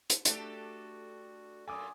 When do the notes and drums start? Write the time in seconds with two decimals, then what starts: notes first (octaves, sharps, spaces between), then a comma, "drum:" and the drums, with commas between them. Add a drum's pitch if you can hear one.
0.10 drum: hi-hat
0.25 A3 D4 F#4 G4 A4, drum: hi-hat
1.68 F#2 A#2 A4 G#5 D6 D#6